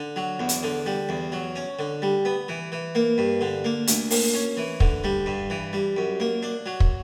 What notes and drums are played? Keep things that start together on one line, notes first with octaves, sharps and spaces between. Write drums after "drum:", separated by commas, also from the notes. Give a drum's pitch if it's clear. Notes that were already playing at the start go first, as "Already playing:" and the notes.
Already playing: D3
F#3
E2
drum: hi-hat
D3
G3
E2
F#3
C#4
D3
G3
B3
E3
E3
A#3
G2
D3
A#3
D2, drum: hi-hat
A#3, drum: open hi-hat
C#4
E3
D3, drum: kick
G3
G2
E3
G3
F#2
A#3
D4
F#3
drum: kick